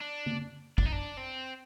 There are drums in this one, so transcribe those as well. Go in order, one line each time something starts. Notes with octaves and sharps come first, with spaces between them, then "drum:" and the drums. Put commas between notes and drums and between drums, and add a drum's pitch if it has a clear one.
D4
drum: tom D3
D4, drum: kick
D#4
D4
C4